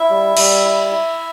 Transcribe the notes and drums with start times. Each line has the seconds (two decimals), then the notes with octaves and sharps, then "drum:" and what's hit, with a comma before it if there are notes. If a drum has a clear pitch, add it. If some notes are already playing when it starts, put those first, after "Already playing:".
Already playing: E4 E5
0.10 G3
0.37 G3, drum: cymbal
0.64 E4
0.91 E4